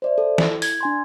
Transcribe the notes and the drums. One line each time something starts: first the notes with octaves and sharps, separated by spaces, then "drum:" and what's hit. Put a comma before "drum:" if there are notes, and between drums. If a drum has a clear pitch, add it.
C5 D5 E5
A4
E4, drum: snare
G#6, drum: open hi-hat
D4 G#5 C6